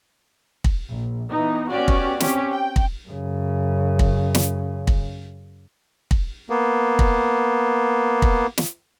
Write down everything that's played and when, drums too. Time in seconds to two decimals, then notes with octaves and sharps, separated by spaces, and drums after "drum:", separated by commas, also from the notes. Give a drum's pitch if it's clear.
0.64 drum: kick
0.89 A#1
1.31 E3 B3 D#4
1.70 B3 C#4 F#4 G4 D5
1.88 drum: kick
2.20 C4 C#4 G4, drum: snare
2.51 G5
2.76 drum: kick
3.09 F#2 C#3
3.99 drum: kick
4.35 drum: snare
4.87 drum: kick
6.11 drum: kick
6.50 A#3 B3
6.99 drum: kick
8.22 drum: kick
8.58 drum: snare